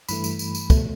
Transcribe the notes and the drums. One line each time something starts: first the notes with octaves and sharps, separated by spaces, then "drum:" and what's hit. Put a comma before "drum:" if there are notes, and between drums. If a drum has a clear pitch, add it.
G2 E3 A3 B5, drum: tambourine
drum: tambourine
drum: tambourine
drum: tambourine
B2 A3, drum: kick, tambourine